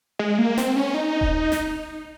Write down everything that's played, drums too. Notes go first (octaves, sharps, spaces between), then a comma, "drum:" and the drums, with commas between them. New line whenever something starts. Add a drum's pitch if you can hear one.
G#3
A#3
C4, drum: snare
C#4
D#4
drum: kick D#1
drum: snare